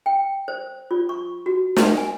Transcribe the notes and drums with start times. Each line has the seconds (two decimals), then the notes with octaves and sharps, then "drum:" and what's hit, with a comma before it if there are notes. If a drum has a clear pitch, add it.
0.06 G5
0.48 C5
0.91 F4
1.09 C#6
1.46 F#4
1.76 drum: snare
1.97 G#5